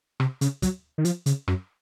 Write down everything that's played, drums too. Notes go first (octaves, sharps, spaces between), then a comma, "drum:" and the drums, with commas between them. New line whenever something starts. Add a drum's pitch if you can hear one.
C3, drum: rim click
C#3, drum: hi-hat
F#3, drum: kick, hi-hat
D#3
F3, drum: hi-hat
C#3, drum: hi-hat
F#2, drum: rim click